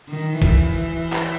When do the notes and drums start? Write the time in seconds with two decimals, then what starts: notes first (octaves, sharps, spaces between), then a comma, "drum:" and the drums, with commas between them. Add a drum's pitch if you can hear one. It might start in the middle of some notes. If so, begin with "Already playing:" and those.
0.09 D#3
0.42 E3, drum: kick, cymbal
1.12 drum: clap